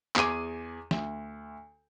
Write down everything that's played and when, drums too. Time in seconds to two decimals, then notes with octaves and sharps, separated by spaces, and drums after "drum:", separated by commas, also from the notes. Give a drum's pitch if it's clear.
0.16 E2 G#4 G#5 D6 D#7, drum: clap
0.91 D2, drum: snare